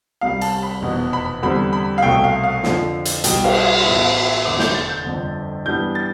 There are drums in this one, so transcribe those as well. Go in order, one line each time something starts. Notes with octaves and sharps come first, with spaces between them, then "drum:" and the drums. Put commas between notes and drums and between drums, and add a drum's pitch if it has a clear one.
C2 C3 G3 F5
A5, drum: cymbal
B5
F1 E2 B2 B3
B5
E2 D3 G3 C4 B5
B5
F5
C2 B2 A3 C4 G5
F5
F5
F2 D3 F3, drum: snare
drum: hi-hat
B1 B2 G3 G5, drum: hi-hat
F5, drum: cymbal
F5
A1 A2 F3 B3 E5
F5
E5
F1 E2 D3 A3 D6
G6, drum: snare
A6
G6
G1 F2 D3
G2 E3 G3 B3 G6
A6